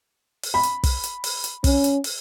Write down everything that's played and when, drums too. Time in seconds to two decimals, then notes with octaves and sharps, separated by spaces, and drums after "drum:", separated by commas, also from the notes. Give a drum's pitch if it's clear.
0.43 drum: open hi-hat
0.54 B5
0.63 drum: hi-hat
0.83 drum: kick, open hi-hat
1.04 drum: hi-hat
1.24 drum: open hi-hat
1.44 drum: hi-hat
1.64 C#4, drum: kick, open hi-hat
1.84 drum: hi-hat
2.04 drum: open hi-hat